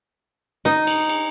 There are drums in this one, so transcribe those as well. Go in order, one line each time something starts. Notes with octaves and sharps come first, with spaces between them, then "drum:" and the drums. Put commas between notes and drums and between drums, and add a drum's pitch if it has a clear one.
D#4, drum: snare
drum: cymbal
drum: cymbal